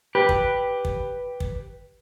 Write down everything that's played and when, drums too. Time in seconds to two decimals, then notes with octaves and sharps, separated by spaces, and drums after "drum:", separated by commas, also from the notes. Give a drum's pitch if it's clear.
0.15 G4 B4
0.29 drum: kick
0.85 drum: kick
1.40 drum: kick